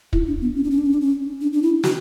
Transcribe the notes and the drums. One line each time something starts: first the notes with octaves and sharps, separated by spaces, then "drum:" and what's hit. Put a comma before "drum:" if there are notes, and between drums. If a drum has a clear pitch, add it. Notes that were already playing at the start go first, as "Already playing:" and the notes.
E4, drum: kick
D4
B3
C#4
D4
C#4
D4
C#4
D4
C#4
D4
D4
E4
F#4, drum: snare